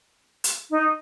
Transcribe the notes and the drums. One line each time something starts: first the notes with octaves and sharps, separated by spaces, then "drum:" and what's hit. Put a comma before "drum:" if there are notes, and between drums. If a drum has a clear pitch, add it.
drum: hi-hat
D#4